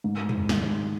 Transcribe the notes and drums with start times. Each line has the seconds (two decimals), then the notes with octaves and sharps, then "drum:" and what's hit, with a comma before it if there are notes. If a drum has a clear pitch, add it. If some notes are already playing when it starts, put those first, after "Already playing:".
0.04 G#2
0.29 drum: tom
0.49 D#3 G#3, drum: snare